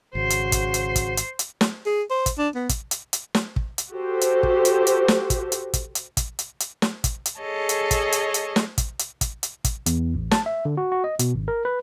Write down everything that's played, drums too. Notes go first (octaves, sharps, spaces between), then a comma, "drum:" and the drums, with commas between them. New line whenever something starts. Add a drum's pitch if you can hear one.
G#1 C#3 F#4 C5 C7
drum: hi-hat
drum: kick, hi-hat
drum: hi-hat
drum: kick, hi-hat
drum: hi-hat
drum: hi-hat
drum: snare
G#4
C5
drum: kick, hi-hat
D4
B3
drum: kick, hi-hat
drum: hi-hat
drum: hi-hat
drum: snare
drum: kick
drum: hi-hat
F#4 G4 A4 C5
drum: hi-hat
drum: kick
drum: hi-hat
drum: hi-hat
drum: snare
drum: kick, hi-hat
drum: hi-hat
drum: kick, hi-hat
drum: hi-hat
drum: kick, hi-hat
drum: hi-hat
drum: hi-hat
drum: snare
drum: kick, hi-hat
drum: hi-hat
G#4 A4 C#5 D#5 A5
drum: hi-hat
drum: kick, hi-hat
drum: hi-hat
drum: hi-hat
drum: snare
drum: kick, hi-hat
drum: hi-hat
drum: kick, hi-hat
drum: hi-hat
drum: kick, hi-hat
E2, drum: hi-hat
A1
A5, drum: snare
E5
D3
F#4
F#4
D#5
B2, drum: hi-hat
G#1
A#4
B4